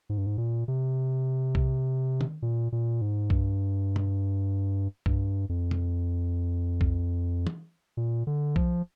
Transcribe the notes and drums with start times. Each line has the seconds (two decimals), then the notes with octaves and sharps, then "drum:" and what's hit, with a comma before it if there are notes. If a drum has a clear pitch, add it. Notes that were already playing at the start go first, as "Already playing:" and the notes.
0.09 G#2
0.18 G2
0.26 G#2
0.38 A#2
0.68 C3
1.55 drum: kick B1
2.21 drum: tom
2.42 A#2
2.72 A#2
3.01 G#2
3.30 G2, drum: kick B1
3.96 drum: tom
5.06 G2, drum: kick B1
5.49 F2
5.71 drum: tom
6.81 drum: kick B1
7.47 drum: tom
7.97 A#2
8.27 D3
8.56 F3, drum: kick B1